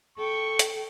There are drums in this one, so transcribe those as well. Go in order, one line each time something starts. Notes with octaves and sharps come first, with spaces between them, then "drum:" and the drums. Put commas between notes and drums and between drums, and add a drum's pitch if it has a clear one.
A4 G5 C#6
drum: hi-hat